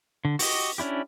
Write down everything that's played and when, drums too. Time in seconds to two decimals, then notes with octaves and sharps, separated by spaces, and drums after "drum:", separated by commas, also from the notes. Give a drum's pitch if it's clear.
0.25 D3
0.39 F#4 G4 D#5, drum: open hi-hat
0.78 C#4 D4 E4 G4